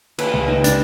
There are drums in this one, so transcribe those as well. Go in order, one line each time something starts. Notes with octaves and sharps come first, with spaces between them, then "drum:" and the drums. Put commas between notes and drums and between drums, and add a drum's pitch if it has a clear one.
B4, drum: cymbal
C#2
D#4
D4, drum: hi-hat